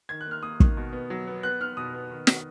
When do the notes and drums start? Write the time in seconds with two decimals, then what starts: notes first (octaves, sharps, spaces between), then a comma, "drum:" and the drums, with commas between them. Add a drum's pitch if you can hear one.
0.09 D#3 G#6
0.21 F#6
0.27 A#3 F6
0.42 A#3 D#6
0.60 D#3, drum: kick
0.77 B2
0.93 B3
1.10 F#3
1.27 B3
1.43 B3 F#6
1.61 B3 F6
1.77 B2 D#6
1.94 B3
2.11 D#3
2.27 D#3, drum: snare